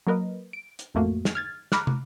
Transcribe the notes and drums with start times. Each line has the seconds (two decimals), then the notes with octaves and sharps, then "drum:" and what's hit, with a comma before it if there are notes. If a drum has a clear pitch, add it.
0.07 F#3 A#3 A#4 B4 D#5
0.53 D7
0.79 drum: hi-hat
0.94 A1 F2 A3 A#3 F#4
1.25 drum: snare
1.35 F6 G#6 A6
1.72 A#5 B5 D6 F6 F#6, drum: snare
1.87 drum: tom